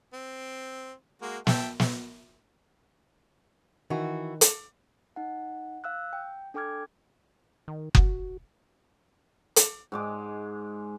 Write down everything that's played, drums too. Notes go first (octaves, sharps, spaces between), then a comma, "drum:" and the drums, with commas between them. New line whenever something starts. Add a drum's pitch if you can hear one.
C4
G#3 A#3 F#4
E5 G5 A5, drum: snare
drum: snare
D#3 E3 F#4
drum: hi-hat
D#4 F#5
F5 E6 F#6
G5
D4 A4 G5 D6 F6 G#6
D#3
F#4, drum: kick F#1
drum: hi-hat
G#2 G#3 D6